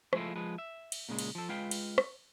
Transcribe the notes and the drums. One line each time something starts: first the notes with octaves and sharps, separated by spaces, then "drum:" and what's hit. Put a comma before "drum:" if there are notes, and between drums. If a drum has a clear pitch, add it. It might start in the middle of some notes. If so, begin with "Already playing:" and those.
F3 G#3 A3 E4 F4, drum: rim click
F3 G#3 B4
E5
drum: cymbal
A#2 C#3 G#3
drum: cymbal
F3 A4
G#3 F4 B4 F5 G5
drum: cymbal
drum: rim click